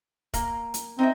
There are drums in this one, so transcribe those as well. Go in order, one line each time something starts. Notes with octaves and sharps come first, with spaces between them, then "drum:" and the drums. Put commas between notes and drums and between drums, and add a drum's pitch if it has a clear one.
A#3, drum: kick, hi-hat
drum: hi-hat
C4 D#4 D#5 E5